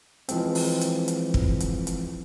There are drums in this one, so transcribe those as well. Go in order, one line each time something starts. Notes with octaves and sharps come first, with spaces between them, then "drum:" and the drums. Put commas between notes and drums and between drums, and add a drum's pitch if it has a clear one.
E3 F3 G#3 C4, drum: hi-hat
drum: open hi-hat
drum: hi-hat
drum: hi-hat
drum: kick
drum: hi-hat
drum: hi-hat